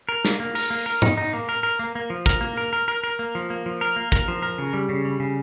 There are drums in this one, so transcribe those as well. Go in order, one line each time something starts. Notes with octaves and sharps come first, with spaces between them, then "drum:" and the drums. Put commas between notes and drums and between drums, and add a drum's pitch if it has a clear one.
A#4
A#3, drum: snare
A#3
A#4, drum: cymbal
A#3
A#4
D#4, drum: tom G#2
D#4
A#3
A#4
A#4
A#3
A#3
F3
A#4, drum: kick
A#3, drum: tambourine
A#4
A#4
A#4
A#4
A#3
F3
A#3
F3
A#4
A#3
A#4, drum: kick
F3
A#4
C#3
G3
C#3
G3
C#3